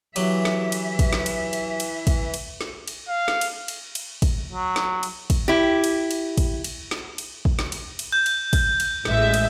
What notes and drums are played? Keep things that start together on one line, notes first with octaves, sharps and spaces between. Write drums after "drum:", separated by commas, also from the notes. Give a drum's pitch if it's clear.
E3 F#3 G4 E5, drum: cymbal
drum: snare
drum: cymbal
drum: kick, cymbal
drum: snare
drum: cymbal
drum: cymbal
drum: cymbal
drum: kick, cymbal
drum: cymbal
drum: snare
drum: cymbal
F5
drum: snare
drum: cymbal
drum: cymbal
drum: cymbal
drum: kick, cymbal
F#3
drum: snare
drum: cymbal
drum: kick, cymbal
E4 G4
drum: cymbal
drum: cymbal
drum: kick, cymbal
drum: cymbal
drum: snare
drum: cymbal
drum: kick
drum: snare
drum: cymbal
drum: cymbal
G6
drum: cymbal
drum: kick, cymbal
drum: cymbal
A1 G#3 E5, drum: snare
drum: cymbal